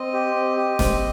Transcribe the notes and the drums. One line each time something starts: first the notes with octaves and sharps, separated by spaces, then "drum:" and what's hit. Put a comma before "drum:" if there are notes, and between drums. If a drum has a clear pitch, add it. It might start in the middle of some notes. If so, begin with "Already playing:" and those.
Already playing: C4 D#5
G4
C4
G4
C4, drum: snare